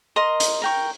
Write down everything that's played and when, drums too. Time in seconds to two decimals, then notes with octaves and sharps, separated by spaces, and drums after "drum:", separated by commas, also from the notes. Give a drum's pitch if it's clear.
0.16 A#4 D#5 C6
0.40 drum: hi-hat
0.62 A#4 G5 C#6